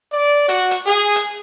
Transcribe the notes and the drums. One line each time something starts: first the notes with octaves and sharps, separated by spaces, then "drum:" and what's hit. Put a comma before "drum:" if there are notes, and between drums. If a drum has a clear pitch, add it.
D5
F#4, drum: hi-hat
drum: hi-hat
G#4
drum: hi-hat